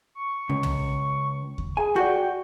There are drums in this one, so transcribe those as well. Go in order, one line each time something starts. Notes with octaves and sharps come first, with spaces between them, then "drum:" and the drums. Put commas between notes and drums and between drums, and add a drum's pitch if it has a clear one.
C#6
C#2 C#3
drum: tom
drum: kick D#2
G#4 G#5
F#4 D5 F#5 G5 G6